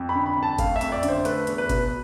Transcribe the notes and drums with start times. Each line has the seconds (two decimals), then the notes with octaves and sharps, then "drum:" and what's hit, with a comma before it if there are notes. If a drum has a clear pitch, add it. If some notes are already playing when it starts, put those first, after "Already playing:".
Already playing: F2
0.09 B5
0.15 D3
0.26 B5
0.37 F2
0.43 A5
0.58 A3 F5, drum: kick G1, hi-hat
0.76 E5
0.81 F2, drum: hi-hat
0.92 D5
1.03 D3, drum: hi-hat
1.08 C5
1.25 A3 B4, drum: hi-hat
1.47 E2, drum: hi-hat
1.58 B4
1.69 B2, drum: kick G1, hi-hat